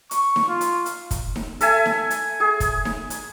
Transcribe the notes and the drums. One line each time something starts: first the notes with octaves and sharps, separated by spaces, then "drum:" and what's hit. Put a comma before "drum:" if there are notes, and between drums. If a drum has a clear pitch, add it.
C#6, drum: hi-hat
drum: snare D#4
F4
drum: hi-hat
drum: hi-hat
drum: kick, hi-hat
drum: snare D#4
A4 E5 G#5, drum: hi-hat
drum: snare D#4
drum: hi-hat
G#4
drum: kick, hi-hat
drum: snare D#4
drum: hi-hat